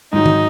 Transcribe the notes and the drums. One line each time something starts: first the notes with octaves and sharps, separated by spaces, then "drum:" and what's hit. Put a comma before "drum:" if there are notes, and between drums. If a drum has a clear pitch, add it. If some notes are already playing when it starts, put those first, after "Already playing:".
G#2 D#3 F#3 D#4
drum: tom